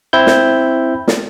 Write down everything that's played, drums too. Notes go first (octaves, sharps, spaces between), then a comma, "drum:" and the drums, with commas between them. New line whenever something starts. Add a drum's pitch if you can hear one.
C4 E4 G6
drum: snare
drum: snare